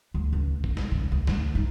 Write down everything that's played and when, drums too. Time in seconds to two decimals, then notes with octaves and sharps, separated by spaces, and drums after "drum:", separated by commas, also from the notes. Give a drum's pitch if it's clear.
0.14 D2
0.33 C#2
0.64 D#2, drum: kick A1
0.77 drum: snare
0.91 C#3
1.12 D2
1.27 D2, drum: snare
1.55 D#4